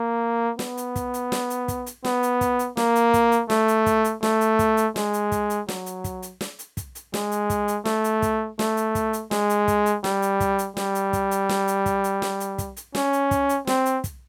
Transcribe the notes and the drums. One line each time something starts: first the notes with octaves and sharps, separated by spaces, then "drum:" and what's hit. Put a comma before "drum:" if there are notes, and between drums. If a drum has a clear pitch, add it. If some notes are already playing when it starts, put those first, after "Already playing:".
Already playing: A#3
B3, drum: snare
drum: hi-hat
drum: kick, hi-hat
drum: hi-hat
drum: snare
drum: hi-hat
drum: kick, hi-hat
drum: hi-hat
B3, drum: snare
drum: hi-hat
drum: kick, hi-hat
drum: hi-hat
A#3, drum: snare
drum: hi-hat
drum: kick, hi-hat
drum: hi-hat
A3, drum: snare
drum: hi-hat
drum: kick, hi-hat
drum: hi-hat
A3, drum: snare
drum: hi-hat
drum: kick, hi-hat
drum: hi-hat
G#3, drum: snare
drum: hi-hat
drum: kick, hi-hat
drum: hi-hat
F#3, drum: snare
drum: hi-hat
drum: kick, hi-hat
drum: hi-hat
drum: snare
drum: hi-hat
drum: kick, hi-hat
drum: hi-hat
G#3, drum: snare
drum: hi-hat
drum: kick, hi-hat
drum: hi-hat
A3, drum: snare
drum: hi-hat
drum: kick, hi-hat
A3, drum: snare
drum: hi-hat
drum: kick, hi-hat
drum: hi-hat
G#3, drum: snare
drum: hi-hat
drum: kick, hi-hat
drum: hi-hat
G3, drum: snare
drum: hi-hat
drum: kick, hi-hat
drum: hi-hat
G3, drum: snare
drum: hi-hat
drum: kick, hi-hat
drum: hi-hat
drum: snare
drum: hi-hat
drum: kick, hi-hat
drum: hi-hat
drum: snare
drum: hi-hat
drum: kick, hi-hat
drum: hi-hat
C#4, drum: snare
drum: hi-hat
drum: kick, hi-hat
drum: hi-hat
C4, drum: snare
drum: hi-hat
drum: kick, hi-hat